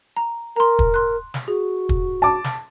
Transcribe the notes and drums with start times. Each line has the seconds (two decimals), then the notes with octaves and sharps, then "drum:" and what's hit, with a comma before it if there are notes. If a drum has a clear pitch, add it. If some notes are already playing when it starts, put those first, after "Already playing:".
0.17 A#5
0.56 A#4 A#5 C6
0.79 drum: kick
0.94 C6 F#6
1.34 drum: snare
1.48 F#4 G#4
1.89 drum: kick
2.22 A5 D6
2.44 drum: snare